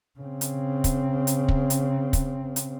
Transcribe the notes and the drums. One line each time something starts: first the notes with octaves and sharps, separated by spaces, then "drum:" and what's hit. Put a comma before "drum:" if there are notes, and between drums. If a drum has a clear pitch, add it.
C#3 C4
drum: hi-hat
drum: kick, hi-hat
drum: hi-hat
drum: kick
drum: hi-hat
drum: kick, hi-hat
drum: hi-hat